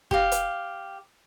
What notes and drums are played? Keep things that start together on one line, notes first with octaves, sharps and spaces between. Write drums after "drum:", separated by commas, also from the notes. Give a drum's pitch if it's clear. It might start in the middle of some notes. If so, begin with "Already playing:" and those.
G4 F5, drum: kick
drum: hi-hat